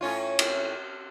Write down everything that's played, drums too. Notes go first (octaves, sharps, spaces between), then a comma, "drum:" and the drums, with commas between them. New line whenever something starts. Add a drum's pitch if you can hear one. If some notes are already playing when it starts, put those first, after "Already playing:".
A2 C#4 F4
drum: cymbal